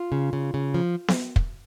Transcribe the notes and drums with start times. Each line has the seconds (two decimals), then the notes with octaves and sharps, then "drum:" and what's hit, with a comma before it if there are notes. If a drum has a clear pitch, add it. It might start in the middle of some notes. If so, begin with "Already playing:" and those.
Already playing: F4
0.12 C#3
0.33 C#3
0.54 C#3
0.74 F3
1.08 drum: snare B3
1.36 drum: kick